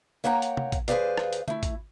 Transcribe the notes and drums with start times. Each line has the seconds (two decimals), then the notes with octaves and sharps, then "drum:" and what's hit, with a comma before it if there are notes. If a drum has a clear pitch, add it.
0.24 A#3 C#5 F#5 G5 A#5
0.42 drum: hi-hat
0.57 drum: tom
0.72 drum: kick, hi-hat
0.88 D#2 G#4 B4 C5 D5 F5, drum: hi-hat
1.18 drum: rim click
1.33 drum: hi-hat
1.48 A3 E4, drum: tom D3
1.63 drum: kick, hi-hat